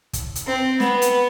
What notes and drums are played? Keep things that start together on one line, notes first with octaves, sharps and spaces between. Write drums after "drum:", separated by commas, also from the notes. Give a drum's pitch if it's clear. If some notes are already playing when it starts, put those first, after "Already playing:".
drum: kick, hi-hat
drum: hi-hat
C4
B3, drum: snare
drum: hi-hat